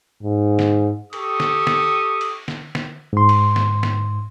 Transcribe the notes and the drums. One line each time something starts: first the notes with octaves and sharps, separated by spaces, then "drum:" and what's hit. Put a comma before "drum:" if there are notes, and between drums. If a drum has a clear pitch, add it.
G#2
drum: snare
G4 A4 C#6 D#6, drum: cymbal
drum: snare
drum: snare
drum: cymbal
drum: snare
drum: snare
G#2 C6
drum: cymbal
drum: snare
drum: snare